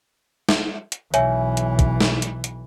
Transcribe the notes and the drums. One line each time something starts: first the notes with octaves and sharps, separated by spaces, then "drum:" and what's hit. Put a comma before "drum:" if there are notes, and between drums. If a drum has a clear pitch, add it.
drum: snare
drum: hi-hat
B1 E3 C#5 E5 G#5, drum: hi-hat
drum: hi-hat
drum: kick, hi-hat
drum: snare
drum: hi-hat
drum: hi-hat